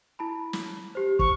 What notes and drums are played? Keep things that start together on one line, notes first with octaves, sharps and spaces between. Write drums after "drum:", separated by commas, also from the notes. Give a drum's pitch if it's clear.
E4 A5 B5
drum: snare
G4 C5
C5 C#6, drum: kick